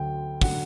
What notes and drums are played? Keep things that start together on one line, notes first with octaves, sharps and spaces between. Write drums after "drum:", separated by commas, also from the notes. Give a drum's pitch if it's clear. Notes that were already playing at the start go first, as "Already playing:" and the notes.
Already playing: D2 D3 F#3 G5
D3 F#3 F#5, drum: kick, open hi-hat